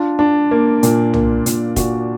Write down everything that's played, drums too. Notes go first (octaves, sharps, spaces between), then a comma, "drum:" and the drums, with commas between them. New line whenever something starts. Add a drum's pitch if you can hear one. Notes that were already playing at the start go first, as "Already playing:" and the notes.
Already playing: D4 F4
D4
A#3
A#2, drum: hi-hat
A#3, drum: tom
A#2, drum: hi-hat
A#2 F#4, drum: kick, hi-hat